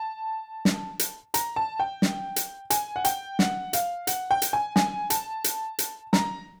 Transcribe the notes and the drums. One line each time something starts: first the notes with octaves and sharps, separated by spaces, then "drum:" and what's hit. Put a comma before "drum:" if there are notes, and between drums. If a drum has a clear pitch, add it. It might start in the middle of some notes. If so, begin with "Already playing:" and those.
Already playing: A5
drum: snare
drum: hi-hat
A#5, drum: hi-hat
A5
G5
drum: snare
drum: hi-hat
G#5, drum: hi-hat
F#5
G5, drum: hi-hat
F#5, drum: snare
F5, drum: hi-hat
F#5, drum: hi-hat
G5
drum: hi-hat
G#5
G#5, drum: snare
A5, drum: hi-hat
drum: hi-hat
drum: hi-hat
A#5, drum: snare